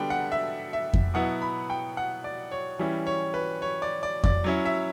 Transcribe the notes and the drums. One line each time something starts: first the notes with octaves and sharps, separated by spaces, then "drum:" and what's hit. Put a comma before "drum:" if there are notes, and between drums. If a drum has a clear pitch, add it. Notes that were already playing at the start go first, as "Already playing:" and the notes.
Already playing: D3 G3 B3 D4 G5
F#5
E5
E5
drum: kick F2
B2 F#3 B3 E4 F#5
B5
G5
F#5
D5
C#5
E3 G3 C#4 E4
C#5
B4
C#5
D5
D5
D5, drum: kick F2
F#3 C#4 E4
E5